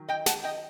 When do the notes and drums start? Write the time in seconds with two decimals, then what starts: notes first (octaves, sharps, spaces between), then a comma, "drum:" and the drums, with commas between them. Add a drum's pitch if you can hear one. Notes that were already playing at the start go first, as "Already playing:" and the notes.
Already playing: D#3 F#3
0.09 D#5 G5
0.26 F#5 A5, drum: snare
0.44 D#5 G5